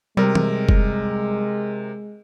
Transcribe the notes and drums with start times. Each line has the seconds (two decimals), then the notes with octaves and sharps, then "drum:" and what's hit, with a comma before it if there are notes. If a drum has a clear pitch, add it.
0.17 C3 G3 G#3 A#4
0.35 drum: tom E3
0.69 drum: kick F1